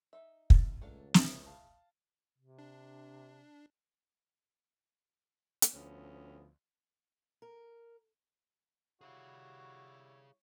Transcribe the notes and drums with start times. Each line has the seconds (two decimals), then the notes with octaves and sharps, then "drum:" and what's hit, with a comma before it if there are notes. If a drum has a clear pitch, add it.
0.13 D#4 E5
0.50 C2 A6, drum: kick
0.81 C#2 F#3 A3 D4 F5
1.14 C3 E4 G#4, drum: snare
1.46 F5 A5
2.38 C3
2.59 D4
5.62 drum: hi-hat
5.74 D2 F3 B3 C#4
7.42 A#4
9.01 G3 E4 F#4 G#4 C#5 F5